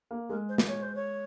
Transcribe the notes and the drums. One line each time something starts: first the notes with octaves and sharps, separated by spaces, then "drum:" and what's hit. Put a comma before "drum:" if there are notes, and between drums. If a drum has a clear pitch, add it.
A#3
G#3 A#4
C5
drum: snare
C#5
C5
C#5